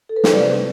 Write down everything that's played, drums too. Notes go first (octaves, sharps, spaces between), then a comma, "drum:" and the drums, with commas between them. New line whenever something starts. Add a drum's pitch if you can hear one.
A4
B4
C5, drum: snare
C3 G3 C4 F4 B4 D5